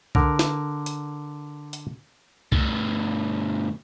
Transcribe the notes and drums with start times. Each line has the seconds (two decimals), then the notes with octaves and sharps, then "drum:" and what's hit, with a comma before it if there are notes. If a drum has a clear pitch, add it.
0.15 D3 A#4, drum: kick C2
0.39 drum: snare
0.86 drum: hi-hat
1.73 drum: hi-hat
2.52 D2 G2, drum: kick C2